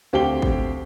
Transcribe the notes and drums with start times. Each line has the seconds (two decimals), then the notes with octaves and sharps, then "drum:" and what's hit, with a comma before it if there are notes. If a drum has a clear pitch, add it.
0.13 D2 C4 G4 F5 G5 G7
0.42 drum: kick